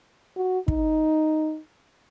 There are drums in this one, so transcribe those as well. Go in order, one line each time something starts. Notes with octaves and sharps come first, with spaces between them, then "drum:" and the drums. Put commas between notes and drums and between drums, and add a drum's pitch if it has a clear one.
F#4
D#4, drum: kick